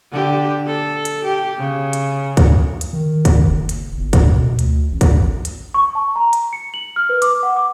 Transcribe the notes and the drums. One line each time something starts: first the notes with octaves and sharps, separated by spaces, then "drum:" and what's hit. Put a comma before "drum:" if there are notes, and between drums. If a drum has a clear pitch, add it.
D3 G4
A4
drum: hi-hat
G4
C#3
drum: hi-hat
drum: kick, hi-hat
drum: hi-hat
D#3
drum: kick, hi-hat
F#1
drum: hi-hat
G1
drum: kick, hi-hat
B2
D2, drum: hi-hat
A1
drum: kick, hi-hat
drum: hi-hat
C#6
A5
A#5
drum: hi-hat
C#7
F#7
F6
B4
D6, drum: hi-hat
F#5
D6